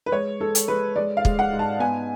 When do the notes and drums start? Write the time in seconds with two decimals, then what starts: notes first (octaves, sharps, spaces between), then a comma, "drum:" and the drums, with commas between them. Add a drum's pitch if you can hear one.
0.06 B4
0.12 G#3 C#5
0.40 G#3 A4
0.55 drum: hi-hat
0.68 G#3 B4
0.96 G#3 D5
1.17 F5
1.25 G#3, drum: kick
1.39 F#5
1.52 G#2
1.59 A5
1.80 B3 G#5